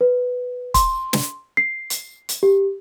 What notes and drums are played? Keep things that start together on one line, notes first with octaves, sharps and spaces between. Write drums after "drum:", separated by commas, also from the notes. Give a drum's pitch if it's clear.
B4
C6, drum: kick, hi-hat
drum: snare
C7
drum: hi-hat
drum: hi-hat
G4